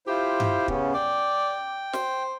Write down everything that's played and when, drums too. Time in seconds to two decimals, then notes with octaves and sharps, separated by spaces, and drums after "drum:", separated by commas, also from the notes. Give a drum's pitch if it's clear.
0.07 E4 F4 G4 C5
0.40 drum: tom G2
0.68 C#3 B3 C#4, drum: kick
0.94 D5 G5
1.93 C5, drum: snare